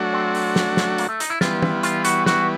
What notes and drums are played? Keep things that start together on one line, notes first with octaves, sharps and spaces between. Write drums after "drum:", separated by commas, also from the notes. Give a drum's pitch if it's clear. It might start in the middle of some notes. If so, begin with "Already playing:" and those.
Already playing: F#3 A3 D4 F#4
C4
drum: open hi-hat
drum: snare
drum: snare
A#3, drum: hi-hat
A3
D#4, drum: hi-hat
E4
E3 G3 B3 F4, drum: snare
drum: tom E3
F4, drum: hi-hat
F#4, drum: hi-hat
F#4, drum: snare